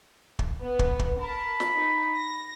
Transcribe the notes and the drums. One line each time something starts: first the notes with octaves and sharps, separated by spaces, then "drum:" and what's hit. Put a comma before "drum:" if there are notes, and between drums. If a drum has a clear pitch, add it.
drum: kick
B3
drum: kick
drum: kick
A#4 A5 B5
drum: snare
D#4
A#6